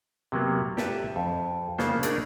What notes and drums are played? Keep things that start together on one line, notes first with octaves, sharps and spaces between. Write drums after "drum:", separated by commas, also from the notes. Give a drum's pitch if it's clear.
C3 F#3 A#3 B3
G4 A4 B4 E5, drum: snare
F2
C#3 A#3 B3 C5, drum: snare
A3 D4 D#4 G#4 A#4 D5, drum: hi-hat